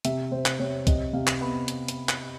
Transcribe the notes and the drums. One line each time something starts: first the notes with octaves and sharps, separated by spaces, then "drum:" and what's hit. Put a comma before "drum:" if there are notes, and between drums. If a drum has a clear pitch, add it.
C3 E5, drum: hi-hat
C3 C5
drum: clap
C3 C#5
C3 D#5, drum: kick, hi-hat
C3 F5
drum: clap
B3 B5
drum: hi-hat
drum: hi-hat
drum: clap